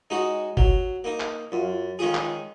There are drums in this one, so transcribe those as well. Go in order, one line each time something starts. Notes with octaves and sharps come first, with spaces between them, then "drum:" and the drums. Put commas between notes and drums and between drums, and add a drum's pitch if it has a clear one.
G#3 D#4 F#4 C#5
F#3, drum: kick
A#3 D#4
drum: clap
F#2 F4
D#3 G#3 C#4 F4 G#4
drum: clap